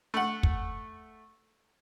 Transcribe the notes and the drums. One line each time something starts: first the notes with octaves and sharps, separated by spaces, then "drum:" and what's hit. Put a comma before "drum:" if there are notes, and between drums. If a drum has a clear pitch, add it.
A3 F#5
drum: kick